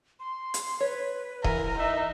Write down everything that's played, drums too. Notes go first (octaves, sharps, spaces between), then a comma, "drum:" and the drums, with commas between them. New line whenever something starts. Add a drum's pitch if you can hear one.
C6
drum: hi-hat
B4 C#5
E3 A#4 F#5 G#5, drum: kick D#1
D#4 E5